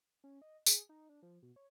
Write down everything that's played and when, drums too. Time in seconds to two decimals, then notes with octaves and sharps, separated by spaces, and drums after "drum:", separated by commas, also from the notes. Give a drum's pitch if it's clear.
0.24 C#4
0.42 D#5
0.66 G#4, drum: tambourine
0.89 D#4
1.09 D4
1.23 F3
1.43 B2
1.56 C#5